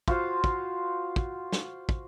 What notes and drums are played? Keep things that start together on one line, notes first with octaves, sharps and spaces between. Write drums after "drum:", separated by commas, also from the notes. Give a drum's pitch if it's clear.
F4 F#4 C5 F5, drum: kick
drum: kick
drum: kick
drum: snare
drum: kick